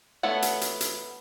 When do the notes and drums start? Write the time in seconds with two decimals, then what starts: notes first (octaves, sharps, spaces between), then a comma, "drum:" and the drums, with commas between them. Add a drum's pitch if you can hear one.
0.23 A3 B3 C#5 F#5
0.42 drum: hi-hat
0.61 drum: hi-hat
0.81 drum: hi-hat